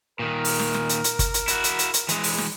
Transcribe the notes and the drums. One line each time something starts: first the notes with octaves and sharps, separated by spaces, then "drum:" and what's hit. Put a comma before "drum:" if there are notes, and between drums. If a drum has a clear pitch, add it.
A#2 D#3 A#4
drum: open hi-hat
drum: snare
drum: snare
drum: hi-hat
drum: hi-hat
drum: kick G1, hi-hat
drum: hi-hat
E4 F#4, drum: hi-hat
drum: hi-hat
drum: hi-hat
drum: hi-hat
E3 G#3, drum: hi-hat
drum: open hi-hat
drum: snare